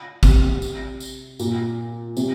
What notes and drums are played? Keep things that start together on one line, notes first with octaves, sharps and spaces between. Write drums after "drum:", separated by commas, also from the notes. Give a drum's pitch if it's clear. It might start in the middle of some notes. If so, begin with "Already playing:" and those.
C3, drum: kick, tambourine
drum: tambourine
drum: tambourine
A#2, drum: tambourine
C3, drum: tambourine